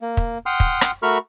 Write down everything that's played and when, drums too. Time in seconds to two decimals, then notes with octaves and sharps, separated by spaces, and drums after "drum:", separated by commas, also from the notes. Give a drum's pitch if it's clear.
0.01 A#3
0.17 drum: kick
0.46 F#5 G5 C6 D#6 F6
0.60 drum: kick
0.81 drum: rim click
1.03 A3 F#4 A#4 B5 C#6 F6